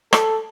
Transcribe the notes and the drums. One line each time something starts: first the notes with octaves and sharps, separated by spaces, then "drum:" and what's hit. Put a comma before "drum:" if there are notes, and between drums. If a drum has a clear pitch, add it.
A4, drum: rim click